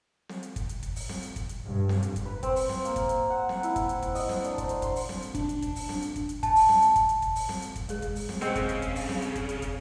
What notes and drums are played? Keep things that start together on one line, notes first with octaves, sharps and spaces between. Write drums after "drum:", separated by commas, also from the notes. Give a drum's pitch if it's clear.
drum: snare C4
drum: hi-hat
drum: kick, hi-hat
drum: hi-hat
drum: kick, hi-hat
drum: open hi-hat
drum: snare C4
drum: hi-hat
drum: kick, hi-hat
drum: hi-hat
G2
drum: snare C4
drum: hi-hat
drum: kick, hi-hat
B4
C4, drum: kick, hi-hat
drum: open hi-hat
drum: snare C4
A#3, drum: hi-hat
drum: kick, hi-hat
drum: hi-hat
F#5
drum: snare C4
E4, drum: hi-hat
drum: kick, hi-hat
drum: hi-hat
drum: kick, hi-hat
D#5, drum: open hi-hat
drum: snare C4
D4, drum: hi-hat
C5, drum: kick, hi-hat
drum: hi-hat
C6, drum: kick, hi-hat
drum: open hi-hat
drum: snare C4
drum: hi-hat
D4, drum: kick, hi-hat
drum: hi-hat
drum: kick, hi-hat
drum: open hi-hat
drum: snare C4
drum: hi-hat
drum: kick, hi-hat
drum: hi-hat
A5, drum: kick, hi-hat
drum: open hi-hat
drum: snare C4
drum: hi-hat
drum: kick, hi-hat
drum: hi-hat
drum: kick, hi-hat
drum: open hi-hat
drum: snare C4
drum: hi-hat
drum: kick, hi-hat
G#3 G#4, drum: hi-hat
drum: kick, hi-hat
drum: open hi-hat
drum: snare C4
C#3 C4 G#4 D#5, drum: hi-hat
drum: kick, hi-hat
drum: hi-hat
drum: kick, hi-hat
drum: open hi-hat
drum: snare C4
drum: hi-hat
drum: kick, hi-hat
drum: hi-hat
drum: kick, hi-hat